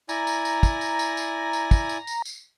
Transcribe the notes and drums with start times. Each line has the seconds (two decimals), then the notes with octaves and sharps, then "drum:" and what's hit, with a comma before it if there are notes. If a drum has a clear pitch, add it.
0.09 E4 D5 G#5 A#5, drum: tambourine
0.27 drum: tambourine
0.45 drum: tambourine
0.63 drum: kick, tambourine
0.81 drum: tambourine
0.99 drum: tambourine
1.17 drum: tambourine
1.53 drum: tambourine
1.71 drum: kick, tambourine
1.89 drum: tambourine
2.07 drum: tambourine
2.25 drum: tambourine